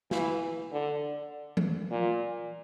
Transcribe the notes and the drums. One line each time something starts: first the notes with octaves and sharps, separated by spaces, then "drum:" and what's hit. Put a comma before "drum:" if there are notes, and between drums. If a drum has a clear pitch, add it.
E3, drum: snare
D3
drum: tom E3
A#2